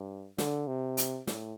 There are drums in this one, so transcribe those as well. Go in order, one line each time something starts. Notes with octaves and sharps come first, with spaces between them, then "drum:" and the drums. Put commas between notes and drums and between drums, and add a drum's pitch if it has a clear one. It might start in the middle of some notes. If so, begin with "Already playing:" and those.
Already playing: G2
D3, drum: snare
C3
drum: hi-hat
A2, drum: snare